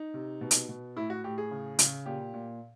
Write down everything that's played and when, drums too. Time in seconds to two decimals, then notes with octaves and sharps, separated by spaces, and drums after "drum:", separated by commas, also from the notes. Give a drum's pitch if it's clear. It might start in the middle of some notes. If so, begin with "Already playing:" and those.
Already playing: D#4
0.14 C3
0.41 B2
0.51 drum: hi-hat
0.69 B2
0.96 A2 E4
1.10 F#4
1.24 A2 G4
1.38 G#4
1.51 C#3
1.79 C#3, drum: hi-hat
2.06 A#2 G4
2.34 A#2